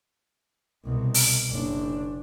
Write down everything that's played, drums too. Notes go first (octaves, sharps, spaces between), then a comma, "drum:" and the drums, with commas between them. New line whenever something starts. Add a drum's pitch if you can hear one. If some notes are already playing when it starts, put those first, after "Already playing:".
C2 B2
drum: open hi-hat
F#1 D4